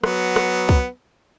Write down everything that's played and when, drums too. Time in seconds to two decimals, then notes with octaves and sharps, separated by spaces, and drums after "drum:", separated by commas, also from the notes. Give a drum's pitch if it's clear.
0.04 F#3 B3, drum: rim click
0.36 drum: rim click
0.69 drum: kick